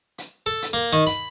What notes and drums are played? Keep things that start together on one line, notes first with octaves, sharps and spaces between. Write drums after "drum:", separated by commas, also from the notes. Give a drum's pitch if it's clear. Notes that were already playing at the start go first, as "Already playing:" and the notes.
drum: hi-hat
A4
drum: hi-hat
A#3
D#3
B5, drum: hi-hat